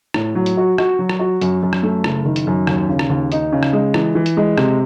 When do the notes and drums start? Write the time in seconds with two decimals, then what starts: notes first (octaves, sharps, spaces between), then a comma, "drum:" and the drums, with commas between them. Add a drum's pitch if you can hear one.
0.14 A2, drum: rim click
0.35 F#3
0.46 drum: hi-hat
0.57 F#4
0.78 F#4, drum: rim click
0.99 F#3
1.09 drum: rim click
1.19 F#4
1.41 F#2, drum: hi-hat
1.63 F#2
1.73 drum: rim click
1.83 A3
2.04 F#1, drum: rim click
2.25 D#3
2.36 drum: hi-hat
2.47 F#2
2.67 D#2, drum: rim click
2.89 C#3
2.99 drum: rim click
3.10 D#2
3.32 D#4, drum: hi-hat
3.52 C#3
3.63 drum: rim click
3.73 G#3
3.94 E3, drum: rim click
4.15 E3
4.26 drum: hi-hat
4.37 G#3
4.58 C3, drum: rim click